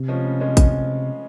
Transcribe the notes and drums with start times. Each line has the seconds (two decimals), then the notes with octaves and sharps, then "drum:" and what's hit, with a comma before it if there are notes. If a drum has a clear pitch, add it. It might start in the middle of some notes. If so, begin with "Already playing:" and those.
Already playing: C3
0.08 F3 G#3 C#4
0.24 C#3
0.40 F3 G#3 C#4
0.57 drum: kick A1, hi-hat